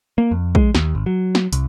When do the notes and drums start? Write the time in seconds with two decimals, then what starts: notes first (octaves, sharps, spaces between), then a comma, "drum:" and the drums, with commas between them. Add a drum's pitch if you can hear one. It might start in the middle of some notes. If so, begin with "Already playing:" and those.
0.18 A#3
0.31 F2
0.55 G#3, drum: kick A#1
0.75 D#2, drum: snare
0.95 G#1
1.06 F#3
1.35 drum: snare
1.53 C2, drum: hi-hat